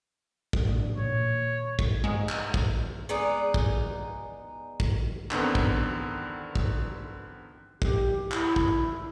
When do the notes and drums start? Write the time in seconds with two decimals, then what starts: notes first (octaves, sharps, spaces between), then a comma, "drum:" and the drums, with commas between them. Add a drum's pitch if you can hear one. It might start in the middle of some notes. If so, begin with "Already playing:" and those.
0.53 drum: kick
0.67 A2 D4
0.97 A#2 D#3 C#5
1.79 drum: kick
2.04 G#2 G#3
2.29 drum: clap
2.54 drum: kick
3.09 G#3 B3 D#4 D5
3.54 drum: kick
4.80 drum: kick
5.31 E2 D3 D#3 B3 C4, drum: clap
5.55 drum: kick
6.55 drum: kick
7.82 G4, drum: kick
8.32 E4, drum: clap
8.56 drum: kick